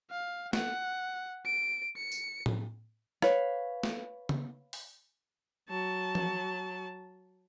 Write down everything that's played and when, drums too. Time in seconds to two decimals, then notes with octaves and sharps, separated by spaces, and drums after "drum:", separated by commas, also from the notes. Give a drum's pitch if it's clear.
0.10 F5
0.53 F#5, drum: snare
1.46 D7
1.97 C#7
2.12 drum: tambourine
2.46 drum: tom A2
3.22 B4 C#5 F5, drum: rim click
3.83 drum: snare
4.29 drum: tom C#3
4.73 drum: open hi-hat
5.70 F#3 A5
6.15 drum: tom F3